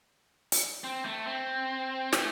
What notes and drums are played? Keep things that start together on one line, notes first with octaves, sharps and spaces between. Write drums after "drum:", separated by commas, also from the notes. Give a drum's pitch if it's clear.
drum: hi-hat
C4
A3
C4
A3, drum: snare